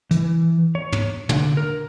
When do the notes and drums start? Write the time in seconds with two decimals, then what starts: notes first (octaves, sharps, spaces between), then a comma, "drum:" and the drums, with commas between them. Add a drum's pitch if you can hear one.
0.11 E3, drum: hi-hat
0.75 C#5
0.92 drum: tom
1.29 D3, drum: tom
1.57 A#4